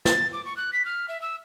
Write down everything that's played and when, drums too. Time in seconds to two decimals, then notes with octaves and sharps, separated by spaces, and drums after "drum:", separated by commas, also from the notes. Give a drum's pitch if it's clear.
0.05 A6, drum: snare
0.33 D6
0.45 C#6
0.57 F#6
0.73 B6
0.85 F6
1.09 E5
1.22 E6